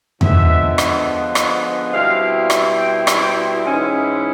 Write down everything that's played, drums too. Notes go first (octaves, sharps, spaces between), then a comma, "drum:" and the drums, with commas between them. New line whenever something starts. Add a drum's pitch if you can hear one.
D3 F3 G#3 B3 E5, drum: tom E2
drum: rim click
drum: rim click
B2 G3 C4 E4 F5
drum: rim click
G5
drum: rim click
G5
G#2 E3 G#3 C#4 E4 G#5